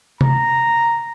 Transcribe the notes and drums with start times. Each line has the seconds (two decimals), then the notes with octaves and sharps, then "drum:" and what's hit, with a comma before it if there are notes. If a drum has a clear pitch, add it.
0.21 A#5, drum: tom C3